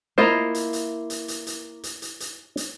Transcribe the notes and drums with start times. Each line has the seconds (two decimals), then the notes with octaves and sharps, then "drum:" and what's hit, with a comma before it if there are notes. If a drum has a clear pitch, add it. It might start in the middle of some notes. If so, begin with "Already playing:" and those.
0.18 A#3 E4 F4 C5 D#5 A#5
0.55 drum: hi-hat
0.73 drum: hi-hat
1.10 drum: hi-hat
1.28 drum: hi-hat
1.47 drum: hi-hat
1.83 drum: hi-hat
2.02 drum: hi-hat
2.20 drum: hi-hat
2.57 drum: hi-hat